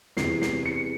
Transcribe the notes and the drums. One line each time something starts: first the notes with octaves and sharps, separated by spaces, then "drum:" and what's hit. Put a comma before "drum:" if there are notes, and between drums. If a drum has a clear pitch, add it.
E2 C3 E3 C7, drum: snare
C7, drum: snare
C#7